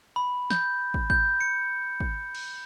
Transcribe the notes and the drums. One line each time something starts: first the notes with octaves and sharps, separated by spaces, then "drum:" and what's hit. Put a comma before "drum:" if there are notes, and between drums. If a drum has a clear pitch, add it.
B5
G6, drum: snare
drum: kick
G6, drum: kick
C#7
drum: kick
drum: cymbal